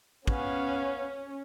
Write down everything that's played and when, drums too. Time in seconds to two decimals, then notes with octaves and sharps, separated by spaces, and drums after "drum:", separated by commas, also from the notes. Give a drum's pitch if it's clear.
0.27 B3 C#4 F5, drum: kick